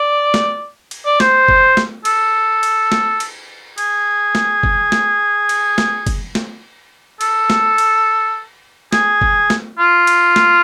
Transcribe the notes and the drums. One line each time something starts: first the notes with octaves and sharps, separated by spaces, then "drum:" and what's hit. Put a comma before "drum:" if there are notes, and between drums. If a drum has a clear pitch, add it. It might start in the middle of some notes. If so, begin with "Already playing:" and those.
Already playing: D5
drum: snare
drum: cymbal
D5
C5, drum: snare
drum: kick F#1
drum: snare
A4, drum: cymbal
drum: cymbal
drum: snare
drum: cymbal
G#4, drum: cymbal
drum: snare
drum: kick F#1
drum: snare
drum: cymbal
drum: snare
drum: kick F#1, cymbal
drum: snare
A4, drum: cymbal
drum: snare
drum: cymbal
G#4, drum: snare
drum: kick F#1
drum: snare
F4
drum: cymbal
drum: snare